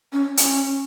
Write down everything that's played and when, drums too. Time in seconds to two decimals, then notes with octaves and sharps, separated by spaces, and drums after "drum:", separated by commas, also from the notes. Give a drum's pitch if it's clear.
0.13 C#4
0.37 C#4, drum: hi-hat